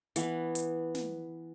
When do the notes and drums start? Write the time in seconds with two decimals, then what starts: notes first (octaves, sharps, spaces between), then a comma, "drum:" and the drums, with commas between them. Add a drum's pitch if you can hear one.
0.16 E3 B3, drum: hi-hat
0.55 drum: hi-hat
0.95 drum: snare